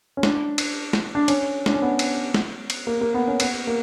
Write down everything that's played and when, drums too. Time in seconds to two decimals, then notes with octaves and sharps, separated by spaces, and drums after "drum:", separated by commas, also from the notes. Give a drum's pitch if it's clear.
0.17 C#4
0.23 D4, drum: snare
0.58 drum: cymbal
0.93 drum: snare
1.15 D4
1.28 C#4, drum: cymbal
1.66 D4, drum: snare
1.74 C#4
1.82 B3
1.99 drum: cymbal
2.34 drum: snare
2.70 drum: cymbal
2.87 A#3
3.01 A#3
3.14 B3
3.28 C#4
3.40 B3, drum: cymbal
3.67 A#3